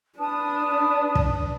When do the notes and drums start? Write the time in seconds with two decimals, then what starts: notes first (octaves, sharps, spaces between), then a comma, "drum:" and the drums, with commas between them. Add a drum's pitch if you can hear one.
0.19 D4 B4 A5 D#6
1.15 drum: kick